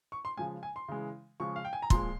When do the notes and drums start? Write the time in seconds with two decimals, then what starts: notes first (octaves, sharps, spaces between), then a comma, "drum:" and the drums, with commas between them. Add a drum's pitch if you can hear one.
0.12 C#6
0.25 C6
0.37 C#3 F3 G#3 G#5
0.63 G#5
0.76 C6
0.88 C#3 E3 G#3
1.40 C#3 F3 G#3 C#6
1.56 F5
1.65 G5
1.73 G#5
1.82 A#5
1.90 A#2 F3 G#3 C6, drum: kick